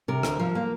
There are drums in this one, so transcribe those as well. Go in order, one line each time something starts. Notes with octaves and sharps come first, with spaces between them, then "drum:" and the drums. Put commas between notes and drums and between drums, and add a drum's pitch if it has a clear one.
C3 A#4
D2, drum: rim click
F3
A#3